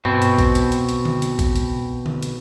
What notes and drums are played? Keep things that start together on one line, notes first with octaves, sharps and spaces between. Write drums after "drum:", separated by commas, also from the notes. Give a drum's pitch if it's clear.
B2 C4, drum: tom G2
drum: hi-hat
drum: kick A#1, hi-hat
drum: hi-hat
drum: hi-hat
drum: hi-hat
drum: tom D3
drum: hi-hat
drum: kick A#1, hi-hat
drum: hi-hat
drum: tom D3
drum: hi-hat